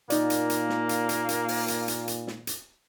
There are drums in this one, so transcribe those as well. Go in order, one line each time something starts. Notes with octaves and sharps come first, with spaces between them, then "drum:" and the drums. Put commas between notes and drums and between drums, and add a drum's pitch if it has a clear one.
A#2 A#3 D#4 D5, drum: hi-hat
drum: hi-hat
drum: hi-hat
drum: snare
drum: hi-hat
drum: hi-hat
drum: hi-hat
drum: open hi-hat
drum: hi-hat
drum: hi-hat
drum: hi-hat
drum: snare
drum: hi-hat